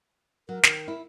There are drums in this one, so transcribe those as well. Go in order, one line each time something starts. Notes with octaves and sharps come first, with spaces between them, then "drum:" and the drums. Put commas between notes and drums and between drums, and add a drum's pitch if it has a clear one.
F#3 A#4
D#3, drum: snare
E4